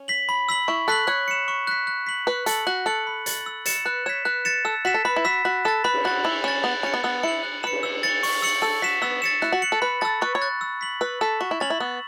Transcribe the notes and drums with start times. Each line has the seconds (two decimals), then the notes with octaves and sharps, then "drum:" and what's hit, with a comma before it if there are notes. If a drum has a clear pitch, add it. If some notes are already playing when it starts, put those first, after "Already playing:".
Already playing: C#4
0.08 B6 F#7
0.29 B5
0.49 E6 B6 F#7
0.68 E4 C#6
0.88 A4 F#6 B6 F#7
1.07 C#5 F#6
1.28 C#7 E7
1.48 C#6
1.67 F#6 B6
1.87 F#6
2.07 B6 F#7
2.27 B4 F#6
2.46 A4 C#7 F#7, drum: hi-hat
2.67 F#4 F#6
2.86 A4 C#7 F#7
3.07 B5
3.26 A6 F#7, drum: hi-hat
3.46 E6
3.66 A6 C#7 E7, drum: hi-hat
3.85 B4 F#6
4.06 C#5 B6 E7
4.25 B4 F#6
4.45 A6 C#7 E7
4.65 A4 E6
4.85 F#4 B6 E7
4.94 A4
5.05 B4 B5
5.16 E4
5.25 F#4 E6 B6 E7
5.45 F#4 F#6
5.65 A4 A6 E7
5.84 B4 B5
5.94 drum: cymbal
6.04 F#4 F#6 A6
6.24 E4 B5
6.44 C#4 A6 E7
6.63 B3 F#6
6.83 C#4 A6 C#7
6.94 B3
7.04 B3 E6
7.23 E4 C#7 F#7
7.43 F#6
7.63 B4 C#7 E7
7.72 drum: cymbal
7.83 E6
8.03 A6 C#7
8.23 C#6, drum: open hi-hat
8.42 E6 C#7 F#7
8.62 A4 E6
8.82 F#4 B6 E7
9.02 B3 E6
9.22 A6 C#7 E7
9.42 E4 F#6, drum: snare
9.52 F#4
9.62 C#7 F#7
9.72 A4
9.82 B4 B5
10.01 A4 E6 A6
10.21 B4 C#6
10.35 C#5
10.42 F#6 A6
10.61 E6
10.81 B6 F#7
11.01 B4 E6
11.21 A4 B6 E7
11.40 F#4 C#6
11.51 E4
11.60 C#4 A6 F#7
11.70 E4
11.80 B3 E6